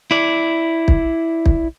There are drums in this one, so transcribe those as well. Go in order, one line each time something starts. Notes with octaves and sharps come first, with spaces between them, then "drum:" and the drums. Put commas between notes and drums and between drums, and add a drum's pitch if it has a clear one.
E4 D5
drum: kick
drum: kick